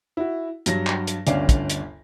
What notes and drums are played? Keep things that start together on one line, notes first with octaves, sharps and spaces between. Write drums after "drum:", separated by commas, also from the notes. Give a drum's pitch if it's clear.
E4 F#4
G2 F#3 A#6, drum: hi-hat
drum: clap
drum: hi-hat
G1 D2 C#4 D4 D5 F5, drum: hi-hat
drum: kick, hi-hat
drum: hi-hat